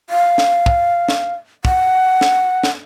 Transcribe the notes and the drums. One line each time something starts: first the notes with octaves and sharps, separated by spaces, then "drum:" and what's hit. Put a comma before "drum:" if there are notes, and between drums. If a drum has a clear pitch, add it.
F5
drum: snare
drum: kick
drum: snare
F#5, drum: kick
drum: snare
drum: snare